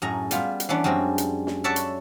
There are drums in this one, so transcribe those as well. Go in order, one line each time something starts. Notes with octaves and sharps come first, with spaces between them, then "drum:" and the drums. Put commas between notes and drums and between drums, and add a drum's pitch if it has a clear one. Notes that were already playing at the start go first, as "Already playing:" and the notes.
F#2 A2 G#4 A#5
G3 B3 F4, drum: hi-hat
drum: hi-hat
E3 B3 C#4 D4
F#2 G3 G#3 C4 G#4
drum: hi-hat
drum: snare
A4 C#5 D5 E5 F#5 A5
drum: hi-hat